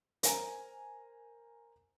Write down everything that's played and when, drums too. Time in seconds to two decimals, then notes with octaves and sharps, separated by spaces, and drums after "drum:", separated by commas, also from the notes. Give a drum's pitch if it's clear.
0.23 A#4 C5 G#5 A#5, drum: hi-hat